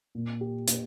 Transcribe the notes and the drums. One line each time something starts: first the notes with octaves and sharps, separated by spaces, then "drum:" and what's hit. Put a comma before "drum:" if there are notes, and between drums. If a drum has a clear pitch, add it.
A#2
G4
A#2, drum: hi-hat